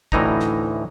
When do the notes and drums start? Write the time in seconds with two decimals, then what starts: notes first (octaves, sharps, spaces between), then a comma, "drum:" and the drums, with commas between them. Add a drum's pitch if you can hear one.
0.12 D2 A2 E3 D#4 A#5, drum: kick
0.40 drum: snare